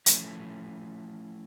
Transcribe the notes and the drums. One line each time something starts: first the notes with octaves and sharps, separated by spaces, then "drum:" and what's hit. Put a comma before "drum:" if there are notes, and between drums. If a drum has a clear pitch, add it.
F3 A3 C#4 E4, drum: hi-hat